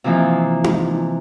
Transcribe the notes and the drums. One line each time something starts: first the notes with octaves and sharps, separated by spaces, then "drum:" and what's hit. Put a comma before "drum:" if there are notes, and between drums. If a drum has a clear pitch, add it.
C3 E3 F3 A#3 D#4
drum: tom D#4